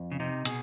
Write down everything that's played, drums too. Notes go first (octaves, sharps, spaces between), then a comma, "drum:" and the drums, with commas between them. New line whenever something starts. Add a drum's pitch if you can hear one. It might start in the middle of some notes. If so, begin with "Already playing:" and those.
Already playing: F2
C#3
C3 D#4
B2 G#4, drum: hi-hat